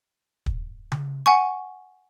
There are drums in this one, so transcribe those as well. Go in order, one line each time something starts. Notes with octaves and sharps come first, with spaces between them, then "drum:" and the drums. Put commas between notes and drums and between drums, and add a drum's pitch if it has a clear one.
drum: kick
drum: tom C#3
F#5 G#5 C#6